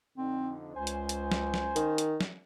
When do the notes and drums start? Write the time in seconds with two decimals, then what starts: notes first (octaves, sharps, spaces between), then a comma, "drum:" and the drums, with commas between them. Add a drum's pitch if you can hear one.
0.18 F2 D3 C4 D#4
0.75 C#2 C#4 C5 G#5
0.87 drum: hi-hat
1.09 drum: hi-hat
1.32 drum: snare
1.54 drum: snare
1.76 D#3, drum: hi-hat
1.98 drum: hi-hat
2.21 drum: snare